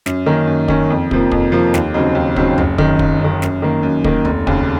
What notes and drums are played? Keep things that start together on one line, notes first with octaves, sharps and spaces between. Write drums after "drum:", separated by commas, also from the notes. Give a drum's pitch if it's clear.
F#2, drum: snare
D#3 A#3 C#4
F#2
D#3 A#3 C#4, drum: kick
F2
C3 F3 A#3, drum: kick
F2, drum: kick
C3 F3 A#3
D#2, drum: snare
C#3 F#3 C4 D#4
D#2
C#3 F#3 C4 D#4, drum: kick
F#1, drum: tom D2
F#2 D#3, drum: kick
F#1, drum: kick
F#2 D#3
F#2, drum: snare
D#3 A#3
F#2
D#3 A#3, drum: kick
F1, drum: tom D2
D#2 C#3, drum: kick